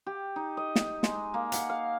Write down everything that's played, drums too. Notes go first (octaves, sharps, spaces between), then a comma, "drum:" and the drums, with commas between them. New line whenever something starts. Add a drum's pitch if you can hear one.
G4
D#4
D#5
drum: snare
G#3, drum: snare
A#3
F#5, drum: hi-hat
F5